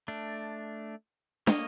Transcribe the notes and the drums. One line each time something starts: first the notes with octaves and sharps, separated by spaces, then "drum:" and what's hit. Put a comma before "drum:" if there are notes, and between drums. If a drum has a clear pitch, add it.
A3 D4
A#3 C#5 D#5, drum: snare